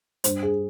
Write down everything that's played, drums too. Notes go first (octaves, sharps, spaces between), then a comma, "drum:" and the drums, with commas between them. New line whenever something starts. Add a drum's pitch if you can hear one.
G2 C5, drum: hi-hat
G#4